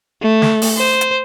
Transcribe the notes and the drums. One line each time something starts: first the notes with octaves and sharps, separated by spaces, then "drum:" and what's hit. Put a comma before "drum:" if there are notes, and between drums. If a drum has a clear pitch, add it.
A3
drum: snare
drum: open hi-hat
C5
drum: hi-hat